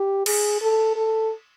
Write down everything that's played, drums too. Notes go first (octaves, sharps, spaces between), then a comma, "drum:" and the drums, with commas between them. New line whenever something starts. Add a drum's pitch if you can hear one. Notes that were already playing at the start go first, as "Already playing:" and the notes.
Already playing: G4
G#4, drum: cymbal
A4
A4